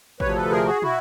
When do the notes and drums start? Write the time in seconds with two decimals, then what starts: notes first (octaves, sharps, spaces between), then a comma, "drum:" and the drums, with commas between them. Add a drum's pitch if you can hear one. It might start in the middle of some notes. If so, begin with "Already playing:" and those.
0.20 D2 C3 F3 B4 C#5, drum: kick G#1
0.36 A4 B4
0.51 G#4 A#4
0.66 F#4 G#4
0.82 E4 F#4, drum: tom